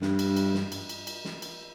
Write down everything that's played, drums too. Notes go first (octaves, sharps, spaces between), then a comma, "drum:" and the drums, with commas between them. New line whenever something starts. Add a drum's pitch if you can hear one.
G2, drum: snare
drum: cymbal
drum: cymbal
drum: snare
drum: cymbal
drum: cymbal
drum: cymbal
drum: snare
drum: cymbal